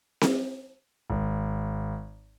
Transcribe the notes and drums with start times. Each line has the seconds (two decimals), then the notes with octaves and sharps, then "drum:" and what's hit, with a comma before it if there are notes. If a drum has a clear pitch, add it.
0.21 drum: snare C4
1.10 G#1